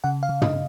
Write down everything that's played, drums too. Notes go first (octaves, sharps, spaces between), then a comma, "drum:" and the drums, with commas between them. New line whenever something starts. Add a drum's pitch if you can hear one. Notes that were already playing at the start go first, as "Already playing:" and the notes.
C#3 F#5
F5
C#3
D#5, drum: tom